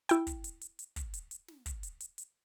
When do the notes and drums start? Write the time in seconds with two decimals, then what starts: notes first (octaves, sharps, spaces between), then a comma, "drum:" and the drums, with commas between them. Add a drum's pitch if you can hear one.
0.09 E4 G5, drum: hi-hat
0.27 drum: kick, hi-hat
0.44 drum: hi-hat
0.61 drum: hi-hat
0.79 drum: hi-hat
0.96 drum: kick, hi-hat
1.14 drum: hi-hat
1.31 drum: hi-hat
1.48 drum: snare
1.66 drum: kick, hi-hat
1.83 drum: hi-hat
2.00 drum: hi-hat
2.18 drum: hi-hat